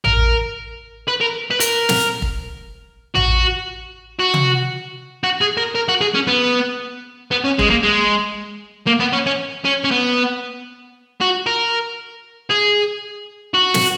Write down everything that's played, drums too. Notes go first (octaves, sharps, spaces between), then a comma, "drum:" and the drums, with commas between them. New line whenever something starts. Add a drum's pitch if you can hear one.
A#4, drum: tom A1
B4
A#4
B4
A#4, drum: hi-hat
drum: snare
drum: kick
F#4, drum: tom A1
F#4
drum: tom
F#4
G#4
A#4
A#4
F#4
G#4
C#4
B3
B3
C#4
G#3, drum: kick
A#3
G#3
A#3
B3
C#4
C#4
C#4
C#4
B3
F#4
A#4
G#4
F#4
drum: snare